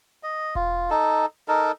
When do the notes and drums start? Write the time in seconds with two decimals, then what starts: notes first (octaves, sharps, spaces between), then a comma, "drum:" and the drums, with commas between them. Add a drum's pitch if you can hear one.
0.23 D#5
0.55 F4, drum: kick E1
0.90 D#4 A4
1.48 D#4 A4 A#4